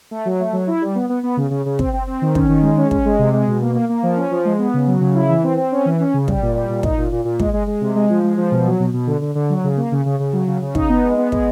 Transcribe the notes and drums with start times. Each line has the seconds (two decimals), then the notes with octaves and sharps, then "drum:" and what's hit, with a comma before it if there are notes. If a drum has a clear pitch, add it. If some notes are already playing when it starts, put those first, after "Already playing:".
0.11 A3
0.25 F#3
0.40 A3
0.53 F#3
0.67 E4
0.81 G3
0.95 B3
1.09 B3
1.23 B3
1.37 C#3
1.51 C#3
1.66 C#3
1.79 C4, drum: kick
1.93 C4
2.07 C4
2.22 D#3
2.35 C#4, drum: kick
2.49 D#3
2.63 G#3
2.77 C#4
2.91 C#4, drum: kick
3.05 G#3
3.19 C3
3.33 G#3
3.48 B2
3.62 A#3
3.75 A#3
3.89 A#3
4.03 F3
4.17 C#4
4.31 F3
4.45 G#3
4.59 B3
4.74 C#3
4.87 F#3
5.01 C#3
5.15 E4
5.29 E3
5.44 C4
5.57 C4
5.72 C#4
5.86 E3
6.00 C#4
6.14 C#3
6.28 G3, drum: kick
6.42 A#2
6.55 G3
6.69 A#2
6.83 D#4, drum: kick
6.98 A#2
7.12 A#2
7.25 A#2
7.40 G#3, drum: kick
7.53 G#3
7.67 G#3
7.81 C3
7.95 G#3
8.10 F3
8.23 G#3
8.37 F3
8.51 B2
8.66 F#3
8.80 B2
8.93 B2
9.07 D3
9.21 D3
9.35 D3
9.50 F#3
9.64 C#3
9.77 A#3
9.92 C#3
10.05 C#3
10.19 C#3
10.33 F#3
10.47 C#3
10.62 C#3
10.75 D#4, drum: kick
10.89 B3
11.03 G#3
11.18 B3
11.32 G#3, drum: kick